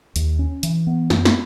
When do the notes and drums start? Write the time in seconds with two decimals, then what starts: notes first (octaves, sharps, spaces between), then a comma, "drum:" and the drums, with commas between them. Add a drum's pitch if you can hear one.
0.16 D#2, drum: hi-hat
0.39 C#4
0.63 E3, drum: hi-hat
0.87 B3
1.10 F#2, drum: snare
1.25 drum: snare